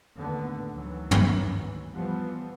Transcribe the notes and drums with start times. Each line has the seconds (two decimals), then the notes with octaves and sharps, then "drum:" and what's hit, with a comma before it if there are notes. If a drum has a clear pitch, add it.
0.16 D#2 A2 D3 A3 B3
0.72 D2 D#3 E3 F#3
1.11 drum: tom
1.93 E3 F3 G3 B3